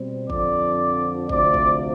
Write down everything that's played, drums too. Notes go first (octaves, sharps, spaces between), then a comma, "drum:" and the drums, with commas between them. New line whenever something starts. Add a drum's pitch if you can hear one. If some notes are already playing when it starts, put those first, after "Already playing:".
Already playing: B2 G3 C4
F2 D3 F3 D5, drum: kick
D2 C3 F3 D5, drum: kick
drum: kick